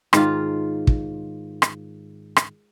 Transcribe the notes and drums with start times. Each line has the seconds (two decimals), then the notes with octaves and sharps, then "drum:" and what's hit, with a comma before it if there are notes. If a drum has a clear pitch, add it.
0.13 G#2 D#3 F4, drum: rim click
0.87 drum: kick
1.62 drum: rim click
2.36 drum: rim click